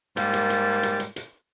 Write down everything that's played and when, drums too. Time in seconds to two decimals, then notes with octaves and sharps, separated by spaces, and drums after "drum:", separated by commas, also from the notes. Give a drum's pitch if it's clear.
0.17 G#2 G3 A#3, drum: hi-hat
0.33 drum: hi-hat
0.50 drum: hi-hat
0.83 drum: hi-hat
1.00 drum: hi-hat
1.16 drum: hi-hat